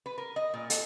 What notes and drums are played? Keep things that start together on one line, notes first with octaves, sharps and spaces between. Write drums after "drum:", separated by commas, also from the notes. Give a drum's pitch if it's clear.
B4
A#4
D#5
A#2
A4, drum: hi-hat